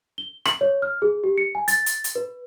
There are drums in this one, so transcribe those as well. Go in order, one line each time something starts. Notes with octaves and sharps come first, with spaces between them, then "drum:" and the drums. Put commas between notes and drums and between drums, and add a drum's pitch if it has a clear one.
G7
F#7, drum: rim click
C#5
F6
G#4
G4
C#7
G#5
A6, drum: hi-hat
drum: hi-hat
drum: hi-hat
B4